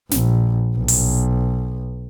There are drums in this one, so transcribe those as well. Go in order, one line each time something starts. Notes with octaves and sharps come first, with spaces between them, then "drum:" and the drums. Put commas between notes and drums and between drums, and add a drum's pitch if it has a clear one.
A#1, drum: snare
B1
drum: open hi-hat